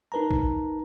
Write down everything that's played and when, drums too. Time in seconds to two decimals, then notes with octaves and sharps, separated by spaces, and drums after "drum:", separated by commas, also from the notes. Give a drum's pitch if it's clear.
0.12 D#4 A#4 B4 A5 A#5
0.30 drum: kick A#1